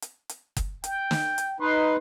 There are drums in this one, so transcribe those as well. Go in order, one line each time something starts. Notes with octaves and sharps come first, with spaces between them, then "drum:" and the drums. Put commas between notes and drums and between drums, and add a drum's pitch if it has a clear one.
drum: hi-hat
drum: hi-hat
drum: kick F#1, hi-hat
G5, drum: hi-hat
drum: snare
drum: hi-hat
D#4 B4 C6